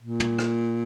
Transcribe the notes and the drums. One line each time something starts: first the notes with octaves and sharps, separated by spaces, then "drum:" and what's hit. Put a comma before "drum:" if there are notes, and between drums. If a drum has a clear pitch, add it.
A#2
drum: tom
drum: rim click